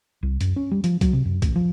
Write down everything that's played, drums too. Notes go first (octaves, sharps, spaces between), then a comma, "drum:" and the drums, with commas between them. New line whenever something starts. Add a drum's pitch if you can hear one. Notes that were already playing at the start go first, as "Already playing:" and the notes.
C2
F#2, drum: hi-hat
C#4
G3
F3, drum: hi-hat
F#3, drum: kick, hi-hat
C3
F#2
A1, drum: kick, hi-hat
F3